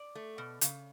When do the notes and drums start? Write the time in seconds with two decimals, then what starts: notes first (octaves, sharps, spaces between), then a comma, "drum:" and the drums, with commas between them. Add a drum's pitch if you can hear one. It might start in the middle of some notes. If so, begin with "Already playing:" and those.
Already playing: D5
0.15 A3
0.38 B2
0.61 C#3, drum: hi-hat